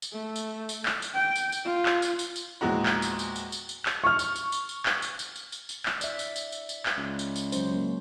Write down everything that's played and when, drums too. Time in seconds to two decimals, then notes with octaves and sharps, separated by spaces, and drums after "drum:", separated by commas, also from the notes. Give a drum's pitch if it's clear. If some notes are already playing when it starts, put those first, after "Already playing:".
0.02 drum: tambourine
0.13 A3
0.36 drum: tambourine
0.69 drum: tambourine
0.86 drum: clap
1.02 drum: tambourine
1.14 G5
1.36 drum: tambourine
1.52 drum: tambourine
1.65 F4
1.86 drum: clap
2.02 drum: tambourine
2.19 drum: tambourine
2.36 drum: tambourine
2.61 A#1 E2 G#3 F#4 F#5 A#5
2.86 drum: clap
3.02 drum: tambourine
3.19 drum: tambourine
3.36 drum: tambourine
3.52 drum: tambourine
3.69 drum: tambourine
3.86 drum: clap
4.04 C#6 F6
4.19 drum: tambourine
4.36 drum: tambourine
4.52 drum: tambourine
4.69 drum: tambourine
4.86 drum: clap
5.02 drum: tambourine
5.19 drum: tambourine
5.36 drum: tambourine
5.52 drum: tambourine
5.69 drum: tambourine
5.86 drum: clap
6.01 D5 E5, drum: tambourine
6.19 drum: tambourine
6.36 drum: tambourine
6.52 drum: tambourine
6.69 drum: tambourine
6.86 drum: clap
6.97 C#2
7.19 drum: tambourine
7.36 drum: tambourine
7.52 F#3 C#4 C5, drum: tambourine
7.74 A#3